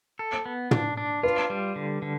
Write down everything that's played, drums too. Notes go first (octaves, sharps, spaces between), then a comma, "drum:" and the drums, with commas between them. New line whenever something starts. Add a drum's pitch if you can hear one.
A4
B3
D4, drum: tom
D4
F4 B4
G3
D3
D3